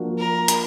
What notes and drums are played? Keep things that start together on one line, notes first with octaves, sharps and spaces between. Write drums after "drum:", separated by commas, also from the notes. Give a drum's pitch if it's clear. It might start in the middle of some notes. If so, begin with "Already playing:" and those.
Already playing: F3 A#3 D4 F#4
A#4
drum: hi-hat